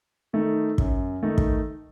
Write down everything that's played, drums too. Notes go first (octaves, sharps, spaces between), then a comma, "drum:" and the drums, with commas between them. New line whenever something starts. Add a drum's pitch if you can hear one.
D#3 A3 D#4
F#2, drum: kick
D#3 A3 D#4
drum: kick